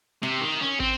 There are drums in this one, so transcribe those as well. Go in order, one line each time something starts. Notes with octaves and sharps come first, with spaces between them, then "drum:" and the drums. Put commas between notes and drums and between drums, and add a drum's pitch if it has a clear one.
C3, drum: snare
D#3
C#4
C4, drum: kick